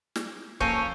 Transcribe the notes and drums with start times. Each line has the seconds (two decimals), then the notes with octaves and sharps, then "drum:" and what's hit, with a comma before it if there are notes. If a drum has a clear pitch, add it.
0.16 drum: snare
0.61 F3 A#3 C#4 A4 C#6 G6, drum: kick C#1